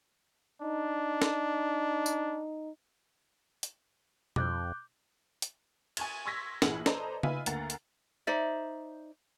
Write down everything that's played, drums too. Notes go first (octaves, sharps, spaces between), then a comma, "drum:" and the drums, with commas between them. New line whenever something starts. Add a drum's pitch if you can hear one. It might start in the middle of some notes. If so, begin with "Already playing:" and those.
D4 D#4
drum: snare
drum: tambourine
drum: hi-hat
F2 D6 F#6 G6, drum: tom B2
drum: hi-hat
G#5 C#6 G#6 A6, drum: cymbal
C6 C#6 E6 G#6 A#6 B6
A#1 E3 G#4 F#5 B5 F#7, drum: snare
A4 B4 C5 D5 D#5 A#5, drum: snare
D#4 F4 B4 E5 G#5 B5, drum: tom C#3
D2 A#3 F#5 A#5 A6, drum: hi-hat
drum: hi-hat
D#4 C5 D5 E5